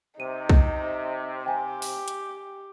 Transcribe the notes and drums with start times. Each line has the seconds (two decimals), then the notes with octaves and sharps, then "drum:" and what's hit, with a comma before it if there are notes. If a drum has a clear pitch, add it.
0.20 C3 D#4 D#7
0.49 drum: kick B1
1.46 G4 G5 G#5
1.82 drum: open hi-hat
2.08 drum: hi-hat